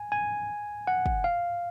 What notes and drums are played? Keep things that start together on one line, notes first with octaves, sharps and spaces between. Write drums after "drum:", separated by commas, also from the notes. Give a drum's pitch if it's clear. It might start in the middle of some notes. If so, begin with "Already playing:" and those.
Already playing: G#5
G#5
F#5
drum: kick
F5